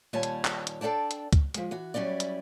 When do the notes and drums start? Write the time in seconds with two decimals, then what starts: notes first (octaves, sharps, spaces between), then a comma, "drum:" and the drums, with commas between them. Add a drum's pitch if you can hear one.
0.13 D#2 A#2 G3 C#5 G#5 A5
0.23 drum: hi-hat
0.45 drum: clap
0.67 drum: hi-hat
0.81 D4 A4 D5 G5 A5
1.11 drum: hi-hat
1.33 drum: kick C#2, hi-hat
1.54 F3 G#3, drum: hi-hat
1.71 E3 F#4
1.94 F#3 G3 C#4 E4 D5
2.20 drum: hi-hat